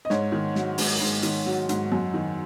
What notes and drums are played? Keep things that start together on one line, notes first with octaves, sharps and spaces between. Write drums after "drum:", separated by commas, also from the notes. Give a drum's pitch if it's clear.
D#5
G#2 C#5, drum: snare
D#3
F#3, drum: snare
G#2, drum: open hi-hat
G#2
D#3, drum: hi-hat
F#3
G#2, drum: hi-hat
F#2
D#3